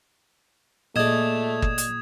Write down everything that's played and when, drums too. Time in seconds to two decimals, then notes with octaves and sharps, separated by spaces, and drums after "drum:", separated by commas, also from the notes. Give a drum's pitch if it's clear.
0.96 A#2 A3 G#4 D5 D#5 D#6 G#6 E7
1.62 drum: kick
1.78 drum: hi-hat